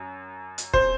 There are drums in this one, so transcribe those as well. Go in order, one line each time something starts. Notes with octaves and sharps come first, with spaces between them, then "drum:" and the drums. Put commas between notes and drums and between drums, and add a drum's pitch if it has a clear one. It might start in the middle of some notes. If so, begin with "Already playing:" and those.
Already playing: F#2
drum: hi-hat
C5, drum: kick